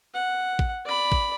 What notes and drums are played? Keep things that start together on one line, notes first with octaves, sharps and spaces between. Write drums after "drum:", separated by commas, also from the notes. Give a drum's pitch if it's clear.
F#5
drum: kick A1
D5 B5
drum: kick A1